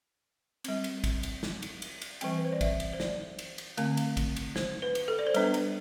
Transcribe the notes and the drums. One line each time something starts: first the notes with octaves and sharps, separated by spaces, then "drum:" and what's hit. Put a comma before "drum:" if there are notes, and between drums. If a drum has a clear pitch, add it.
G3 C4, drum: cymbal
drum: cymbal
drum: kick, cymbal
drum: cymbal
drum: snare
drum: cymbal
drum: cymbal
drum: cymbal
E3 G3 C4 G5, drum: cymbal
B4
C5
D5
E5, drum: kick, cymbal
drum: cymbal
C5
D5, drum: snare
drum: cymbal
drum: cymbal
D3 A3 C4, drum: cymbal
drum: cymbal
drum: kick, cymbal
drum: cymbal
C5, drum: snare
B4
drum: cymbal
A4
D5
C5
G3 B3 D4 B4, drum: cymbal
drum: cymbal